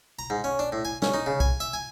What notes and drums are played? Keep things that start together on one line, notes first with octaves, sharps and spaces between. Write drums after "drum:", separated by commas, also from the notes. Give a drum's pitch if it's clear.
A#5
G#2
C#4
D4
A2
G#5
C#4, drum: snare
D#4
C#3
G#5, drum: kick
E5
G#5